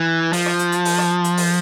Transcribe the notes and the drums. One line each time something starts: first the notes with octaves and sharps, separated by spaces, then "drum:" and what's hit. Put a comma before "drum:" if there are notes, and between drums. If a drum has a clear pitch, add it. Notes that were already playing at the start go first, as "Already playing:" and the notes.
Already playing: E3
F3, drum: open hi-hat
drum: rim click
drum: hi-hat
drum: hi-hat
drum: open hi-hat
drum: rim click
drum: hi-hat
drum: open hi-hat